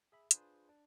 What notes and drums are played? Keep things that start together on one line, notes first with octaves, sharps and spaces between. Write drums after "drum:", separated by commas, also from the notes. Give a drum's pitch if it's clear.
G#4 E5 B5
D4 F4 G#4 B4 C5, drum: hi-hat
D4